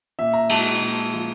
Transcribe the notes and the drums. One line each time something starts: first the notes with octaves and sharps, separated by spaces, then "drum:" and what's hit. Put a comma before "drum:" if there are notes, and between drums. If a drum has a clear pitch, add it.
A#2 E5
A#5
G#3 A5, drum: cymbal
A#2
F3